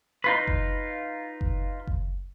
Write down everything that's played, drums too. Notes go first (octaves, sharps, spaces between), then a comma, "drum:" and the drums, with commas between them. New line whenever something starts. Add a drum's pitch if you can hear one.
D#4 F4 B4
drum: kick F#1
drum: kick F#1
drum: kick F#1